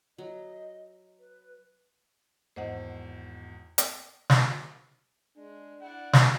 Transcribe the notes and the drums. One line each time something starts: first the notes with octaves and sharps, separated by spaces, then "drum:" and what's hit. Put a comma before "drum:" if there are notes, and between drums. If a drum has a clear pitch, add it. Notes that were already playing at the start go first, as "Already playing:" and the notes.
F#3 D#5
B4
G#1 E2 C5 D#5 F#5
drum: hi-hat
drum: snare
G#3 D4
E4 D5 F#5
drum: snare